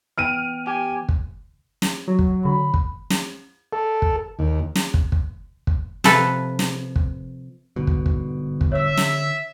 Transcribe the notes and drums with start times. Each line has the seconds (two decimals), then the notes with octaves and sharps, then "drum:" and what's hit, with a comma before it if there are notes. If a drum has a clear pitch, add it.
0.18 E3 B3 G5 F6 D7 D#7
0.67 G4 G#5
1.09 drum: kick
1.82 drum: snare
2.07 F#3
2.19 drum: kick
2.45 D3 B5
2.74 drum: kick
3.10 drum: snare
3.73 A4
4.02 drum: kick
4.39 D#2
4.75 drum: snare
4.94 drum: kick
5.12 drum: kick
5.67 drum: kick
6.04 C3 F3 A4 B4, drum: snare
6.59 drum: snare
6.96 drum: kick
7.76 G1 G#2 B2 D3
7.87 drum: kick
8.06 drum: kick
8.61 drum: kick
8.72 C#5 E5 E6
8.97 drum: snare